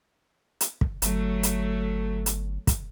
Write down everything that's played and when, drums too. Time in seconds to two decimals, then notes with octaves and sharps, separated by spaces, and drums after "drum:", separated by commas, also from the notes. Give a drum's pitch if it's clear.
0.61 drum: hi-hat
0.81 drum: kick
1.02 G1 F#3 A3, drum: hi-hat
1.43 drum: hi-hat
2.26 drum: hi-hat
2.67 drum: kick, hi-hat